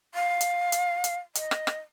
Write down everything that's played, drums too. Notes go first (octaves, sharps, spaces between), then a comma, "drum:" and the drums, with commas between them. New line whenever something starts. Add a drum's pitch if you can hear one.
F5
drum: hi-hat
drum: hi-hat
drum: hi-hat
D#5, drum: hi-hat
drum: rim click
drum: rim click